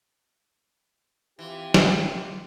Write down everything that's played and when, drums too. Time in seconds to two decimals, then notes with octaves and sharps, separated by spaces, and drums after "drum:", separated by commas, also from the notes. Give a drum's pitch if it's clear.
1.39 E3 C4 F4 G4
1.74 drum: snare